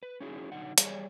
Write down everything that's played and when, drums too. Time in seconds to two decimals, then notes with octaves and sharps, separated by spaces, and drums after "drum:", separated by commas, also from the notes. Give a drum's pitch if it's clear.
0.03 B4
0.20 C#4 D#4 E4 F#4 G#4
0.52 D3 F#3 D#4 F#5
0.78 G3 G#4 C#5 D5, drum: hi-hat